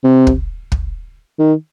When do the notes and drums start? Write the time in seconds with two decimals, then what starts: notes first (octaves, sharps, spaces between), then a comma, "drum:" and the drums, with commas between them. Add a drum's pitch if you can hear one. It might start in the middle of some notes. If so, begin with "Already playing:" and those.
0.04 C3
0.27 drum: kick
0.72 drum: kick
1.39 D#3